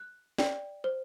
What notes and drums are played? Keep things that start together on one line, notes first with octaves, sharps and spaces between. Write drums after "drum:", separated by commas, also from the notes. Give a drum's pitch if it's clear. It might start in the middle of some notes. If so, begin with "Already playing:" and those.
Already playing: F#6
D5 G5, drum: snare
C5